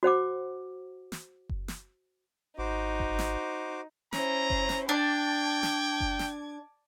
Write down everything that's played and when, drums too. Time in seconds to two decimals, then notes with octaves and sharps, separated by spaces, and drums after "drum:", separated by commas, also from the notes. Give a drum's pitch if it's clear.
0.03 F#4 C5 F#5 D6
1.12 drum: snare
1.49 drum: kick F#1
1.68 drum: snare
2.58 G#1 D#4 F#4 C5 D6
3.00 drum: kick F#1
3.19 drum: snare
4.13 C#4 E4 C5 A#5, drum: snare
4.50 drum: kick F#1
4.69 drum: snare
4.89 D4 G5 A5 D6 G#6
5.63 drum: snare
6.00 drum: kick F#1
6.19 drum: snare